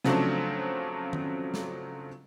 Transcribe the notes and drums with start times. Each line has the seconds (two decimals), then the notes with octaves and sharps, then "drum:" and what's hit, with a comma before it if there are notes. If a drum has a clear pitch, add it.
0.04 C#3 F3 F#3 A3 C4 D4, drum: snare
1.13 drum: tom D#3
1.54 drum: snare